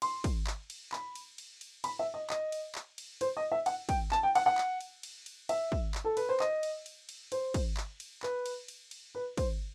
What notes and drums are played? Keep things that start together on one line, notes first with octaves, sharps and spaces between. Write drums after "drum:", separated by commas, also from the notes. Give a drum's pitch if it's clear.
C6, drum: cymbal
drum: kick, cymbal
drum: clap
drum: cymbal
B5, drum: clap
drum: cymbal
drum: cymbal
drum: cymbal
B5, drum: cymbal
E5
D#5
D#5, drum: clap
drum: cymbal
drum: clap
drum: cymbal
C5, drum: cymbal
D#5
E5
F#5, drum: cymbal
G5, drum: kick, cymbal
A5, drum: clap
G5
F#5, drum: cymbal
F#5
drum: clap
drum: cymbal
drum: cymbal
drum: cymbal
E5, drum: cymbal
drum: kick
drum: clap
A4
B4, drum: cymbal
C5
D#5, drum: clap
drum: cymbal
drum: cymbal
drum: cymbal
C5, drum: cymbal
drum: kick, cymbal
drum: clap
drum: cymbal
B4, drum: clap
drum: cymbal
drum: cymbal
drum: cymbal
B4
C5, drum: kick, cymbal